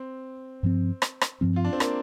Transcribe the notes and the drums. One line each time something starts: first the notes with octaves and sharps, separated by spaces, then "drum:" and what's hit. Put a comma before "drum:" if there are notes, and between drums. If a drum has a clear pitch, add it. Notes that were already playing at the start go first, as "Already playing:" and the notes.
Already playing: C4
G2 F3 C4
drum: rim click
drum: rim click
G2 F3 C4
F4
D4
C4
A#3, drum: rim click